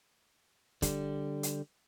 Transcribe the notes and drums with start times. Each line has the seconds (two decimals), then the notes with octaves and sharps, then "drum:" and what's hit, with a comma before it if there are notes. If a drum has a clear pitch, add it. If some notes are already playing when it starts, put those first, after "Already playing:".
0.82 D3 G3, drum: kick, hi-hat
1.43 drum: hi-hat